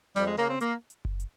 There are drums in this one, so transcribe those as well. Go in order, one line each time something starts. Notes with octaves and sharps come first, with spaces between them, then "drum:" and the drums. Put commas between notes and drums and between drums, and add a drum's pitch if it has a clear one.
F2 G3, drum: snare
G#3
C#3 A#3
C4
A#3, drum: hi-hat
drum: hi-hat
drum: kick F#1
drum: hi-hat